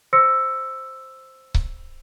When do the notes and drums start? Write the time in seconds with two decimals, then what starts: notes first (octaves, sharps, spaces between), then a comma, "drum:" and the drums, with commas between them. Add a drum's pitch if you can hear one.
0.13 C5 C6 E6 A#6 C#7
1.54 drum: kick C#1